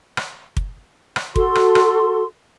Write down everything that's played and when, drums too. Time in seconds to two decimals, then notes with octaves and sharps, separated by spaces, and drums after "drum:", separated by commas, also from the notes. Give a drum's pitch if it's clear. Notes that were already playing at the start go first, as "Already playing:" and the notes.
0.17 drum: rim click
0.57 drum: kick
1.16 drum: rim click
1.36 F#4 A4 C6, drum: kick
1.55 drum: rim click
1.75 drum: rim click